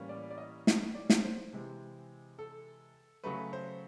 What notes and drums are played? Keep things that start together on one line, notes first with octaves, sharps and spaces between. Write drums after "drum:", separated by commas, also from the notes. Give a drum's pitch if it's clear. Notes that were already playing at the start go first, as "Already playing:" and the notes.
Already playing: A2 E3 G3 A#3 C#4
D5
D5
D#5
D#5, drum: snare
D5
drum: snare
C5
C3 E3 G#3 C4
A4
C#3 F#3 A3 B4
C5